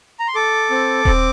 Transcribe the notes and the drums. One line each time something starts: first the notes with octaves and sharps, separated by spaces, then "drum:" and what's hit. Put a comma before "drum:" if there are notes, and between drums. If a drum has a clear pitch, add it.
A#5
C6
A4 D6
C4
C4, drum: kick D#1